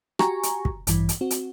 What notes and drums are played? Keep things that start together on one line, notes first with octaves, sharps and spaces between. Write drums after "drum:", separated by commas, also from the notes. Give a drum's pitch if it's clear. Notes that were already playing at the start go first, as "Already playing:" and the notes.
F#4 G4 G#5 A#5 C#6, drum: rim click
drum: hi-hat
drum: kick
A1 G2 E3, drum: hi-hat
drum: hi-hat
C4 F#4
drum: hi-hat